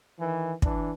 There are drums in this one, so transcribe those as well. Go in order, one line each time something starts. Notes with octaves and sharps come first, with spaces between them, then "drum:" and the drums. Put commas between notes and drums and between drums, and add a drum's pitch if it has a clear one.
D#3 E3
E3 D4, drum: kick